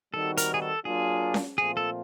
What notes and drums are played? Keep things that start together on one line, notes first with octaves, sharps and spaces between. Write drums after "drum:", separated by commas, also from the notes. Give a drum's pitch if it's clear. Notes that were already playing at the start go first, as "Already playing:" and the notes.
D#3 G3 C4 D#4 F#4 A4
A#4, drum: hi-hat
G#4
A4
F#3 A#3 D4 F4 G#4
drum: snare C#4
A#2 F3 A3 C4 F4 G#4
A4